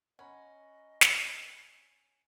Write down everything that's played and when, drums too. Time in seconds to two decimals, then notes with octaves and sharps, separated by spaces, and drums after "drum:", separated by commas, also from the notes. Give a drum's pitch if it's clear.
0.19 C#4 D#5 F#5 A#5 B5
1.01 drum: snare